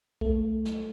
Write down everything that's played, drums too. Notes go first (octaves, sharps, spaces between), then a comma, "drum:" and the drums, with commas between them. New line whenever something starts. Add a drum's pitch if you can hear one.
A3, drum: kick
drum: snare